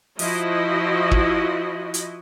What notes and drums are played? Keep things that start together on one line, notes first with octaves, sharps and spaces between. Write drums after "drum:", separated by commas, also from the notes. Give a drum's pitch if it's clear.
F3 E4 F#4 D#5, drum: open hi-hat
drum: kick
drum: hi-hat